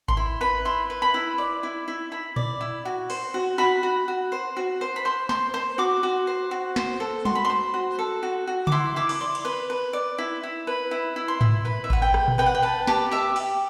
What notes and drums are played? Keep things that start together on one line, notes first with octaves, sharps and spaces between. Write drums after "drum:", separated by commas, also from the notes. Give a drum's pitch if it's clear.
C6, drum: kick G#1
E4 B5
B4 B5
E4 C6
B4
B5
E4
D5
E4
E4
E4 B5
D5, drum: tom A#2
E4
F#4
C5, drum: cymbal
F#4
F#4 B5
F#4
F#4
C5
F#4
C5
B5
C5 C6
C5 C6, drum: snare
C5 C6
F#4 D6
F#4
C5
F#4
C5, drum: snare
A4
F#4 C6, drum: tom
B5
C6
C5
F#4
A4
F#4
F#4
D6, drum: tom C#3
E4 C6
E4 D6
D6, drum: cymbal
D5 C6
drum: cymbal
B4 C6
B4
D5
E4
E4
B4
E4
E4
C6
E4, drum: tom G#2
B4 B5
E5
B4 F#5, drum: kick G#1
G5
B4, drum: rim click
drum: tom A#2
B4 G5
F#5
G5
B4 A5
G4 A5, drum: snare
G4 E5
G4, drum: cymbal